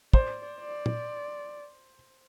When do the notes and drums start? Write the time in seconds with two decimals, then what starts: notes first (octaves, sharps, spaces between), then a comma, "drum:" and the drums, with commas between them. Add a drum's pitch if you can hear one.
0.14 C5 D5, drum: kick
0.60 D5
0.86 drum: tom A#2